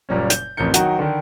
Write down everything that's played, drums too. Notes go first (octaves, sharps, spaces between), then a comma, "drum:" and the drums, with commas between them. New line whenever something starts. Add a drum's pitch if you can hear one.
F#1 A#2 G3 C#4
G6, drum: hi-hat
A1 F2 A#4 G6 C#7
D#3 F#3 D#4 F#4, drum: hi-hat
D3 D#3